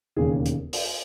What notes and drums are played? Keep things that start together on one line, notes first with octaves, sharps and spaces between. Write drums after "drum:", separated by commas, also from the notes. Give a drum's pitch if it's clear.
E1 D#2 C#3 G#4
drum: hi-hat
drum: open hi-hat